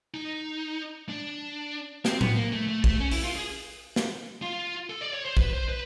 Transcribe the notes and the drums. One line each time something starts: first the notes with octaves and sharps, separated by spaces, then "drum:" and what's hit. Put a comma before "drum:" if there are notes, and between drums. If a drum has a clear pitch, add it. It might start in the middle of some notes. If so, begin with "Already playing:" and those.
D#4
D4
C4, drum: snare
B3, drum: tom A2
A#3
A3
A3
A3, drum: kick
C#4
E4, drum: open hi-hat
F4
G#4
drum: snare
F4
A4
D5
C#5
C5
B4, drum: kick
C5
B4